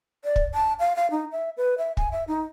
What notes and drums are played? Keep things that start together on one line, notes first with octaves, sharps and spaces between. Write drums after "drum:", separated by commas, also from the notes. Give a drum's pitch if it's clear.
D5
drum: kick
A5
F5
F5
D#4
E5
B4
E5
G#5, drum: kick
E5
D#4